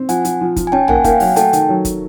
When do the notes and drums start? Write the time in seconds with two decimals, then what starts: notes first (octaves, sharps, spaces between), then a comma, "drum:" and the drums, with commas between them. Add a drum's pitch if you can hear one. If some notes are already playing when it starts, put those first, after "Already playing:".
Already playing: C4
0.09 F3 F#5 G#5, drum: hi-hat
0.25 F3, drum: hi-hat
0.41 F3
0.56 F3, drum: kick, hi-hat
0.67 G#5
0.72 C#4 G5 A5
0.88 A#3 F#5 G#5, drum: tom
1.04 A#3 F5 G5, drum: kick, hi-hat
1.20 F#3 F#5 G#5, drum: open hi-hat
1.36 A3 G5 A5, drum: hi-hat
1.53 D#3, drum: hi-hat
1.69 F#3
1.85 drum: kick, hi-hat